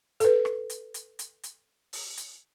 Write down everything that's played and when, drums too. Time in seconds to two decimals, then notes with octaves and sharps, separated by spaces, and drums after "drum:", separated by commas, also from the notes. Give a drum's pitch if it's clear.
0.20 A4 B4, drum: hi-hat
0.45 drum: rim click
0.70 drum: hi-hat
0.94 drum: hi-hat
1.19 drum: hi-hat
1.43 drum: hi-hat
1.93 drum: open hi-hat
2.17 drum: hi-hat